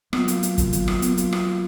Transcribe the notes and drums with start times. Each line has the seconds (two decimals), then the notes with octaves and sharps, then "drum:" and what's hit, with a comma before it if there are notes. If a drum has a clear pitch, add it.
0.13 F#3 A#3 B3 F4, drum: rim click
0.28 drum: hi-hat
0.43 drum: hi-hat
0.58 drum: kick, hi-hat
0.73 drum: hi-hat
0.88 drum: rim click
1.02 B3, drum: hi-hat
1.18 drum: hi-hat
1.32 drum: rim click